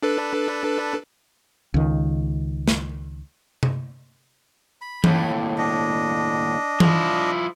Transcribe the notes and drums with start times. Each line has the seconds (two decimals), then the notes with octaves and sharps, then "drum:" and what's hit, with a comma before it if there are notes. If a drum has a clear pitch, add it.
0.03 D4 A4 B4
1.74 C#2 D#3
2.68 drum: snare
3.63 drum: tom C3
4.81 B5
5.04 D#2 A2, drum: tom E3
5.58 D4 D#5
6.80 F3 E4, drum: tom E3